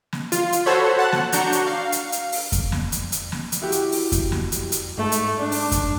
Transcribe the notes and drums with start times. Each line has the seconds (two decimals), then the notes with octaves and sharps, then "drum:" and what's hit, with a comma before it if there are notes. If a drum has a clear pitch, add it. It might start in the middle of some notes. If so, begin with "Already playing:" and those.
0.13 drum: snare
0.32 F4, drum: hi-hat
0.52 drum: hi-hat
0.66 F#4 A4 C5 C#5 B5
0.99 F#5 A5 F#6
1.12 drum: snare
1.32 D4 F#4 A#5 C#6 G6, drum: hi-hat
1.52 drum: hi-hat
1.67 F5
1.92 drum: hi-hat
2.12 drum: hi-hat
2.32 drum: open hi-hat
2.52 drum: kick F2, hi-hat
2.72 drum: snare
2.92 drum: hi-hat
3.12 drum: hi-hat
3.32 drum: snare
3.52 drum: hi-hat
3.62 E4 F#4 G4
3.72 drum: hi-hat
3.92 drum: open hi-hat
4.12 drum: kick F2, hi-hat
4.32 drum: snare
4.52 drum: hi-hat
4.72 drum: hi-hat
4.98 G#2 A3
5.12 drum: hi-hat
5.38 D4
5.52 drum: open hi-hat
5.72 drum: kick F2, hi-hat